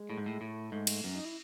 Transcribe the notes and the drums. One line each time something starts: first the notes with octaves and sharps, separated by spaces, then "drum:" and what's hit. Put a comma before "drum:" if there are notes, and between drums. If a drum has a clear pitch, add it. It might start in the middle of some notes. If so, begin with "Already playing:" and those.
Already playing: G#3
A2
G#2
A2
A2 A3
G#2
drum: cymbal
F#2 B3
C#4
D#4
E4